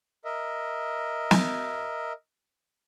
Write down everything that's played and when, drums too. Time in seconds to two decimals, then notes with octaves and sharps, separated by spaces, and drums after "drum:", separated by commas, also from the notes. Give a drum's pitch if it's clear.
0.24 A#4 D#5 E5
1.31 drum: snare